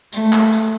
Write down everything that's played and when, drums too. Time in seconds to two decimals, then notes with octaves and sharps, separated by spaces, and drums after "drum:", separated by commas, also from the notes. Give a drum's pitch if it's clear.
0.13 A3, drum: tambourine
0.33 drum: clap
0.53 drum: tambourine